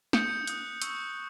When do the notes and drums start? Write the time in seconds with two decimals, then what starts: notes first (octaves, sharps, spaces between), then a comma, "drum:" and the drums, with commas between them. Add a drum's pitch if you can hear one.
0.13 D#6 G6 C#7, drum: snare
0.47 D#6 F#6, drum: hi-hat
0.82 C#6 E6 G6, drum: hi-hat